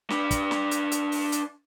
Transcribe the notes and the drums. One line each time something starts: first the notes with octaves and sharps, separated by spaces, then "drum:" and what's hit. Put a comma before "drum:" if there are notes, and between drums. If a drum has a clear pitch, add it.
D4 B4, drum: snare
drum: kick, hi-hat
drum: snare
drum: hi-hat
drum: hi-hat
drum: open hi-hat
drum: hi-hat